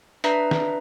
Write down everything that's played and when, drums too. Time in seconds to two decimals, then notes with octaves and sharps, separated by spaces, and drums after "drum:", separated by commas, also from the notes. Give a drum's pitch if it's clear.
0.24 D4 B4 E5 A#5, drum: hi-hat
0.51 drum: snare